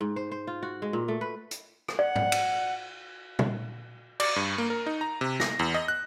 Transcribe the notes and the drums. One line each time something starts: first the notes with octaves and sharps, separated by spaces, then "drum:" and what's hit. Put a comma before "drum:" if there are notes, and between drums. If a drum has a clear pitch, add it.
G#2
C5
C5
F4
F#4
G#3
A#2
A3
B4
drum: hi-hat
drum: rim click
D5 F#5
drum: tom G#2
drum: cymbal
drum: tom
D5, drum: cymbal
G2
A#3
A#4
D#4
A#5
C3
A#6, drum: snare
E2
D#5
F#6